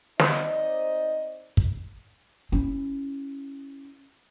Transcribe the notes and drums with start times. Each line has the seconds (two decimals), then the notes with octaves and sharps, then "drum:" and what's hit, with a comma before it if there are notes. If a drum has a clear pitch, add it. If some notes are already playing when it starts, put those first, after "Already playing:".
0.19 C4 D#4 C5 D5 D#5, drum: snare
1.57 drum: kick
2.52 C#4 E4